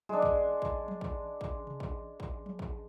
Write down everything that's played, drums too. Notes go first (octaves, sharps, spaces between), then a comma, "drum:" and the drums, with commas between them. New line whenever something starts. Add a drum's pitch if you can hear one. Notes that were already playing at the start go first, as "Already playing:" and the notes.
G#3 D4, drum: tom F3
drum: kick
drum: kick
drum: tom F3
drum: kick
drum: kick
drum: tom C3
drum: kick
drum: kick
drum: tom F3
drum: kick